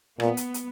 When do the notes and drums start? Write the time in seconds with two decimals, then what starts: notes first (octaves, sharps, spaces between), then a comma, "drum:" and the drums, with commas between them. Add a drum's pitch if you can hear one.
0.20 A#2 B3, drum: rim click
0.37 drum: hi-hat
0.54 drum: hi-hat